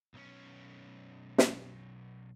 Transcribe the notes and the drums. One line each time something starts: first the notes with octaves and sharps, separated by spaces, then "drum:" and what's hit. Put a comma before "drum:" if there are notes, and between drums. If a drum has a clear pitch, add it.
B1 C#4
drum: snare